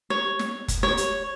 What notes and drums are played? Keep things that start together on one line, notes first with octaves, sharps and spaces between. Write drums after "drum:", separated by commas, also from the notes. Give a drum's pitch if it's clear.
C#5
drum: snare
drum: kick F1, hi-hat
C#5
drum: hi-hat